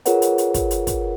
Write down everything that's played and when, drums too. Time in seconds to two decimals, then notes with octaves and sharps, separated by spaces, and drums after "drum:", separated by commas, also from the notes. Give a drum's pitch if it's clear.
0.06 F4 G#4 A#4 B4 C#5 F#5, drum: hi-hat
0.22 drum: hi-hat
0.38 drum: hi-hat
0.54 drum: kick, hi-hat
0.71 drum: hi-hat
0.87 drum: kick, hi-hat